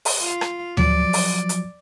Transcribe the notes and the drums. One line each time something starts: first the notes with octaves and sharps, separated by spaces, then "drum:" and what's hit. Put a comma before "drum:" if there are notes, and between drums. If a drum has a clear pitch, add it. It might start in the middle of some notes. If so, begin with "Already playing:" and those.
drum: open hi-hat
F4 F5
drum: rim click
F3 F#3 D5, drum: tom D2
drum: open hi-hat
drum: hi-hat